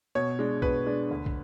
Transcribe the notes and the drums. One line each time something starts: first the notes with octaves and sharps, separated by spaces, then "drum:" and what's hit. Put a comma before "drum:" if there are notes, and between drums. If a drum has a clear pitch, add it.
B2 C#5
G#3 D4
B2 B4, drum: kick
G#3 D4
D2
drum: kick